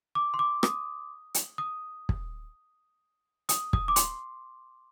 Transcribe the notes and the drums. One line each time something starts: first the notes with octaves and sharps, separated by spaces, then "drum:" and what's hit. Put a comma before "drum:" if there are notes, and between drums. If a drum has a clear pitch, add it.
D6
C6
D6
D#6, drum: rim click
drum: hi-hat
D#6
drum: kick
D#6, drum: hi-hat
D#6, drum: kick
D6
C6, drum: hi-hat